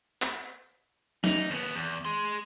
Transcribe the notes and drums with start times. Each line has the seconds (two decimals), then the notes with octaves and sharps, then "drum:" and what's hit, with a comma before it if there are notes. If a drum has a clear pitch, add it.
0.22 drum: clap
1.24 D#4, drum: snare
1.50 D#2 B3
1.75 E2
2.05 G#4 C6